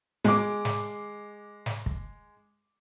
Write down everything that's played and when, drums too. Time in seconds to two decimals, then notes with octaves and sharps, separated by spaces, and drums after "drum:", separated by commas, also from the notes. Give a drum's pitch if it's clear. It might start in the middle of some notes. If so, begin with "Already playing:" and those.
0.24 G#3 D6, drum: snare
0.65 drum: snare
1.66 drum: snare
1.86 drum: kick